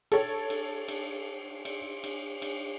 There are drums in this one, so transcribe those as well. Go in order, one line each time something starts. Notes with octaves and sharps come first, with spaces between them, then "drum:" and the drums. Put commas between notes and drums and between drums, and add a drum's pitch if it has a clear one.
A4 C#5, drum: cymbal
drum: cymbal
drum: cymbal
drum: cymbal
drum: cymbal
drum: cymbal